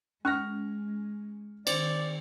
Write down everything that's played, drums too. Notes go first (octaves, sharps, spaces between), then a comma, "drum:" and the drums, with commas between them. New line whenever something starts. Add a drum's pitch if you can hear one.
G#3 C#4 C#6 F6 A#6
D#3 C4 D5, drum: cymbal